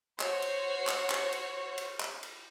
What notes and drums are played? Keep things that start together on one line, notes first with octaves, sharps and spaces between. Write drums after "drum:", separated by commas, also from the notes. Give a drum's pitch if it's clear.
F#4 C5 C#5, drum: clap
drum: cymbal
drum: clap
drum: clap
drum: cymbal
drum: cymbal
drum: clap
drum: cymbal